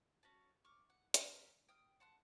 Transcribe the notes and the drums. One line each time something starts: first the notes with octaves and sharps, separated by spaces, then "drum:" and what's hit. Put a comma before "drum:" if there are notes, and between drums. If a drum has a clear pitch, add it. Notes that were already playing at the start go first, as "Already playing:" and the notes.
C#4 F#4 A5
C#6 D6 F6
F#5
C4 F#4 A#4 E5, drum: hi-hat
G5 D#6 F6
F#5 A5 C6 F#6